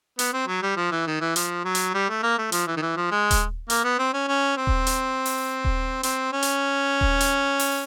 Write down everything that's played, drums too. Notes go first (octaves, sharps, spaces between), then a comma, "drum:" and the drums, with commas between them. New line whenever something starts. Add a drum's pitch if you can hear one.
B3, drum: hi-hat
C4
F#3
G3
F3
E3
D#3
E3
F3, drum: hi-hat
F#3
drum: hi-hat
G3
A3
A#3
A3
F3, drum: hi-hat
E3
D#3
E3
F3
G#3
drum: kick D#1, hi-hat
A#3, drum: hi-hat
B3
C4
C#4
C#4
C4
drum: kick D#1
drum: hi-hat
drum: open hi-hat
drum: kick D#1
C4, drum: hi-hat
C#4
drum: hi-hat
drum: kick D#1
drum: hi-hat
drum: open hi-hat